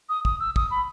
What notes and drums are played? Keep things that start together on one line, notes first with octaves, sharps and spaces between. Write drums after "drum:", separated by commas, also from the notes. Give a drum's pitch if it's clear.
D#6
D#6, drum: kick
E6
D#6, drum: kick
B5